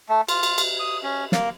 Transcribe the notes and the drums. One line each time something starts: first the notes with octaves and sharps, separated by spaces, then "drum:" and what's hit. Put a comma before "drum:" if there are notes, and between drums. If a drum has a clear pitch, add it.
A3
F4, drum: cymbal
drum: cymbal
drum: cymbal
D#6
C#4
A#3, drum: snare